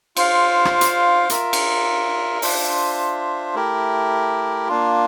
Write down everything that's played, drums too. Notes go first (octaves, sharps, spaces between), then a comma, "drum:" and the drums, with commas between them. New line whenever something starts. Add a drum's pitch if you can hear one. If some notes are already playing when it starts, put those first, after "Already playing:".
F4 C5 F5, drum: cymbal
drum: rim click
drum: hi-hat
F4 A#4 E5, drum: hi-hat
drum: cymbal
D4 F4 C5 E5, drum: open hi-hat
A3 E4 G4 A#4
A#3 D4 F4